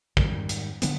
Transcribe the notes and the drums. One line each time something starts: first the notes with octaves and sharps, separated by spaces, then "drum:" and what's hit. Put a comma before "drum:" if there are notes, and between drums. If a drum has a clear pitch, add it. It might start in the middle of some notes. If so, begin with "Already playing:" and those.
G#2 D#3 G3, drum: kick
drum: hi-hat
D3 G3 B3, drum: hi-hat